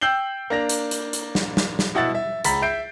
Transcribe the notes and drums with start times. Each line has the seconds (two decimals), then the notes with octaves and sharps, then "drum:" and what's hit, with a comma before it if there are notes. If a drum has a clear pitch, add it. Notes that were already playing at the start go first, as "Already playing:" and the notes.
0.01 G5 E6 G6 C7 F#7 G7
0.50 A#3 D4 A#6 F7
0.69 drum: hi-hat
0.91 drum: hi-hat
1.13 drum: hi-hat
1.35 drum: snare
1.57 drum: snare
1.79 drum: snare
1.95 B2 E4 F#5 E6 A6
2.15 E5
2.44 C#2 A#5 B5 A6 B6, drum: hi-hat
2.62 E5 G6 C7 D7